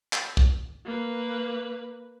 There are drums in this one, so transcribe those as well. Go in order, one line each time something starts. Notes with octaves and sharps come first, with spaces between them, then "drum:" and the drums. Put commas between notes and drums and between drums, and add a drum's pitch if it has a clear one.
drum: clap
drum: kick
A#3 B4